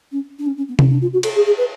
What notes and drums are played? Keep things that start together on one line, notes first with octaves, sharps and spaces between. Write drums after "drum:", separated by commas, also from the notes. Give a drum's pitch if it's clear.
C#4
D4
C#4
C#4
B3
C#4, drum: tom C3
D4
F4
F#4
A4, drum: cymbal
G#4
G#4
B4